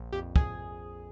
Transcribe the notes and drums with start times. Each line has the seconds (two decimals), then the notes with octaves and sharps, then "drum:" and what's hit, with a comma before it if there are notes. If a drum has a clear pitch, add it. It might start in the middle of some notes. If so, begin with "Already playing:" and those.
Already playing: A#1
0.12 F2 G4
0.36 G#4, drum: kick